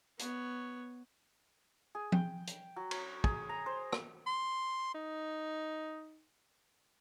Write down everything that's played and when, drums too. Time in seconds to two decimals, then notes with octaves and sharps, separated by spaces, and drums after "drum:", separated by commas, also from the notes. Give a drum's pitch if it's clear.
0.19 B3 C#5, drum: hi-hat
1.95 G#4
2.12 G5, drum: tom F3
2.47 drum: hi-hat
2.76 F#3
2.91 C#5, drum: cymbal
3.24 G#4, drum: kick
3.49 A#5
3.66 C5
3.92 drum: rim click
4.27 C6
4.94 D#4